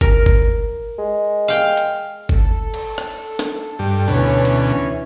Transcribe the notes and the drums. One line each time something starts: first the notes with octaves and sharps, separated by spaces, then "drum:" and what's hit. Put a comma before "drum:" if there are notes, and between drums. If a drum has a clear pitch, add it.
A#4, drum: kick G1
drum: kick G1
G#3
F5 G5, drum: hi-hat
drum: hi-hat
A4, drum: kick G1
drum: cymbal
drum: rim click
drum: snare
G2
D2 B2 E3 C#4 C#5, drum: open hi-hat
drum: hi-hat